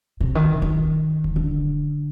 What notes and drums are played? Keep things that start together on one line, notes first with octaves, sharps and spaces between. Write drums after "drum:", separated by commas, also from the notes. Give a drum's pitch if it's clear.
C3
D#3, drum: kick D#1
D#3
drum: kick D#1
D3